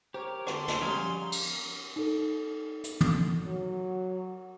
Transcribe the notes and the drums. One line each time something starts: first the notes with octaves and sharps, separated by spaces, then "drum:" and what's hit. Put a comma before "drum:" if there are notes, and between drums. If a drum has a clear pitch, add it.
G4 A#4 C5 C#5
D3 C6, drum: rim click
drum: snare
C#3 F3 G3 F5 G#5 A#5
drum: cymbal
D#4 A4
drum: hi-hat
drum: tom
F#3